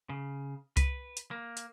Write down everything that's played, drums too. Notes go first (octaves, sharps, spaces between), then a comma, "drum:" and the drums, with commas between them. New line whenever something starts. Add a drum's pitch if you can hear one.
C#3
B4, drum: kick C2, hi-hat
drum: hi-hat
A#3
drum: hi-hat